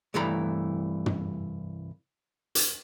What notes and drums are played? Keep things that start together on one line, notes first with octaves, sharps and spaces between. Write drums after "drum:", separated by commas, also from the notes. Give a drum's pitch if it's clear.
C2 G2 E3 A3 A#5 B5
drum: tom
drum: hi-hat